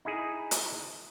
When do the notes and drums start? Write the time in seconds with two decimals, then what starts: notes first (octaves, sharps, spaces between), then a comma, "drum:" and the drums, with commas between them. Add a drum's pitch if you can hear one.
0.05 D#4 E4 G#4
0.51 drum: hi-hat